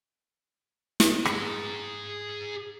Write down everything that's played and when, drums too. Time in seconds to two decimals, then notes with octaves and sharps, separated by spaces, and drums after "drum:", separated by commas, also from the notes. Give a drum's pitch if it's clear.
1.00 drum: snare
1.25 G#4 A#5, drum: rim click